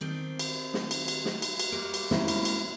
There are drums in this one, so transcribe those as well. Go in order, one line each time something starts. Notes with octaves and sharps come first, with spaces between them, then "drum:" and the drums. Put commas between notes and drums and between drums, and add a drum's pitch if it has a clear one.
D#3 C4 D4
drum: cymbal
drum: snare
drum: cymbal
drum: cymbal
drum: snare
drum: cymbal
drum: cymbal
G3 A#3 F#4
drum: cymbal
G3 G#3 A#3 C4 C#4 E4, drum: snare
drum: cymbal
drum: cymbal